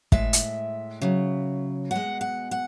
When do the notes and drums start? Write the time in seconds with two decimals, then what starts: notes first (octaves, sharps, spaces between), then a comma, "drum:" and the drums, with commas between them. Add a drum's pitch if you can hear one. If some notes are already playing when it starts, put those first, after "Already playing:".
0.12 A2 G#3 E5, drum: kick
0.33 drum: hi-hat
1.02 C#3 F#3
1.91 B2 G#3 F#5
2.21 F#5
2.51 F#5